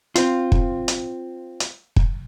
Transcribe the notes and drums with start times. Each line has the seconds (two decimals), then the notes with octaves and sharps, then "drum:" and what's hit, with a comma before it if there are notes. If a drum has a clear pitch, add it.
0.16 C4 F4, drum: hi-hat
0.52 drum: kick
0.88 drum: hi-hat
1.60 drum: hi-hat
1.96 drum: kick